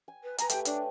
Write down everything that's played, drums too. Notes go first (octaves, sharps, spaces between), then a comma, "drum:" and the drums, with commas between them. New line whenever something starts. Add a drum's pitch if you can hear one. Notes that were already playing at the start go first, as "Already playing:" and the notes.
G#5
B4
B4 G#5 A#5, drum: hi-hat
A3 G4 G5, drum: hi-hat
D4 C#5, drum: hi-hat